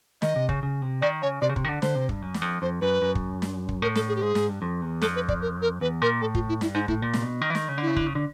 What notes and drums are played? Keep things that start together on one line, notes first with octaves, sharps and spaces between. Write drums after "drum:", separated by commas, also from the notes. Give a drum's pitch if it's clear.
D#3 D#5, drum: snare
C3
C#3, drum: kick
C#3
C3
D#3 D5
C#3 C#5
C3 D5
C#3
C3, drum: kick
D#3
D3
D3 C5, drum: snare
C3
G2, drum: kick
F#2
E2, drum: snare
F2
F2 C5
F#2 B4
F#2
drum: kick
drum: snare
drum: kick
A2 A#4
A4, drum: snare
G#4
G4
G#2 G#4
G#2, drum: snare
G2
F2
E2
F2 A4, drum: snare
B4
D5, drum: kick
A#4
A#4
E2 B4
A#2 A#4
A2 A4
F4, drum: kick
E4
G2 E4, drum: snare
G#2 D#4
A2 E4, drum: kick
A#2
C3, drum: snare
B2
D#3
E3
D#3, drum: snare
C#3
D3
C#3 E4
D3, drum: kick
C#3
D3